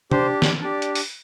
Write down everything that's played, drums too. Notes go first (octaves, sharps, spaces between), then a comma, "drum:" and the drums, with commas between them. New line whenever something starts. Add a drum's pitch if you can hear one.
D4 G4 C5, drum: tom C3
drum: snare
D4 G4 D5
drum: hi-hat
drum: open hi-hat